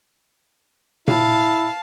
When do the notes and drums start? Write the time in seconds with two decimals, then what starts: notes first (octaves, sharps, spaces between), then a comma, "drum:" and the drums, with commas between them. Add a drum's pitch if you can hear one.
1.08 E4 F5 A5, drum: tom A#2